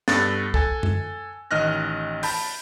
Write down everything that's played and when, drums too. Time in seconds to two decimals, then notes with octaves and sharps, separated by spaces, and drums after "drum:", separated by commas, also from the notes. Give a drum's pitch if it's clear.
0.08 G2 B3 A4 F#6 A6, drum: snare
0.54 A4 G#5, drum: kick
0.83 drum: tom F#2
1.51 A1 D#3 D#5 F6 F#6 A#6
2.23 A5 B5 G6, drum: open hi-hat